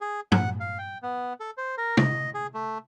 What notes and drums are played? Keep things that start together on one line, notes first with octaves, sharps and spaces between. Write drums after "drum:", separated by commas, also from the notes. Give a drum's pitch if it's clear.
G#4
F#5, drum: tom G2
F5
G5
B3
A4
C5
A#4
D#5, drum: tom
G#4
A3